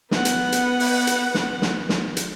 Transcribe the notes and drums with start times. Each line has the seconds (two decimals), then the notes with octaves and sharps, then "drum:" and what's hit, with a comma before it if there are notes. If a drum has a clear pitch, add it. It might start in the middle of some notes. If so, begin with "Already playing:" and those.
0.11 B3 F#5, drum: snare
0.25 drum: hi-hat
0.52 drum: hi-hat
0.80 drum: open hi-hat
1.07 drum: hi-hat
1.34 drum: snare
1.62 drum: snare
1.89 drum: snare
2.17 drum: hi-hat